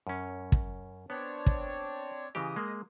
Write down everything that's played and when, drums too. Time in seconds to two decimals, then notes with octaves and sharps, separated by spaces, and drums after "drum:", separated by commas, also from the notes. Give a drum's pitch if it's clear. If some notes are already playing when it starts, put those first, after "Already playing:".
0.07 F#2 C#4
0.52 drum: kick
1.10 B3 C4 D4 C#5
1.46 drum: kick
2.35 C#3 E3 G4 D#5
2.56 G#3 A#3